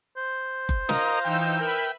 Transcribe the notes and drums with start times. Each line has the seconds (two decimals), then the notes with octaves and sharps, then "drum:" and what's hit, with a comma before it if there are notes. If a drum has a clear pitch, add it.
0.17 C5
0.69 drum: kick F#1
0.89 F4 A#4 D#5 F5 A#5, drum: snare
1.25 E3 D#4 G5 E6
1.60 A#4 B4 E5 B5